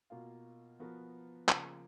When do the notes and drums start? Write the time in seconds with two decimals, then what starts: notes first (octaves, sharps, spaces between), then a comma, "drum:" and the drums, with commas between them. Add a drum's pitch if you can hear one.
0.10 B2 A#3 F4
0.79 F3 B3 F#4 A#4
1.49 C#3 F3 A#3, drum: clap